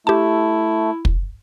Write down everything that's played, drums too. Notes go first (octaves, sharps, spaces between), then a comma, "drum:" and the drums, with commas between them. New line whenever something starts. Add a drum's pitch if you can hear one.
A3 E4 G4 A5
drum: kick